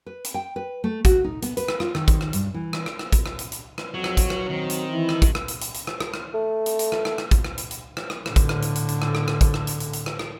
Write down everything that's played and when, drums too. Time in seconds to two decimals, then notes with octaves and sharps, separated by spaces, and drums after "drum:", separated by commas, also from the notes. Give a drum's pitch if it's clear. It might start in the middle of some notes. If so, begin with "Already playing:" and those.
0.06 B4
0.24 drum: hi-hat
0.34 G5
0.56 B4
0.84 A3
1.05 F#4, drum: kick A1, hi-hat
1.24 D#4
1.42 B3, drum: hi-hat
1.57 B4, drum: hi-hat
1.68 drum: rim click
1.80 F4, drum: rim click
1.95 D#3, drum: rim click
2.08 drum: kick A1, hi-hat
2.21 drum: rim click
2.33 G2, drum: hi-hat
2.54 E3
2.73 drum: rim click
2.86 drum: rim click
2.99 drum: rim click
3.12 drum: kick A1, hi-hat
3.26 drum: rim click
3.39 drum: hi-hat
3.52 drum: hi-hat
3.78 drum: rim click
3.94 F2 F#3 F#4 C#5
4.04 drum: rim click
4.17 drum: kick A1, hi-hat
4.30 drum: rim click
4.50 D#3 C4
4.70 drum: hi-hat
4.91 E3 E4
5.09 drum: rim click
5.22 drum: kick A1, hi-hat
5.35 drum: rim click
5.48 drum: hi-hat
5.61 drum: hi-hat
5.74 drum: hi-hat
5.87 drum: rim click
6.00 drum: rim click
6.14 drum: rim click
6.34 A3
6.66 drum: hi-hat
6.79 drum: hi-hat
6.92 drum: rim click
7.05 drum: rim click
7.18 drum: rim click
7.31 drum: kick A1, hi-hat
7.44 drum: rim click
7.58 drum: hi-hat
7.71 drum: hi-hat
7.97 drum: rim click
8.10 drum: rim click
8.26 A2 D3, drum: rim click
8.36 drum: kick A1, hi-hat
8.49 drum: rim click
8.62 drum: hi-hat
8.75 drum: hi-hat
8.89 drum: hi-hat
9.02 drum: rim click
9.15 drum: rim click
9.28 drum: rim click
9.41 drum: kick A1, hi-hat
9.54 drum: rim click
9.67 drum: hi-hat
9.80 drum: hi-hat
9.93 drum: hi-hat
10.06 drum: rim click
10.19 drum: rim click